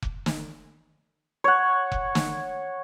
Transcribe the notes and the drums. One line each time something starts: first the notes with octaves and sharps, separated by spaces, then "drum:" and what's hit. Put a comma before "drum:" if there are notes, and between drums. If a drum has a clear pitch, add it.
drum: kick F1
drum: snare
C#5 F#5
drum: kick F1
drum: snare